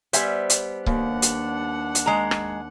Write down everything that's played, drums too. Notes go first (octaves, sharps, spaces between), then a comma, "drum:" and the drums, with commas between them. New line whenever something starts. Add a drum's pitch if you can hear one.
G3 B3 C5 E5 G#5, drum: hi-hat
drum: hi-hat
D#2 D4 F#5, drum: kick C#1
drum: hi-hat
drum: hi-hat
G#3 A#5
drum: rim click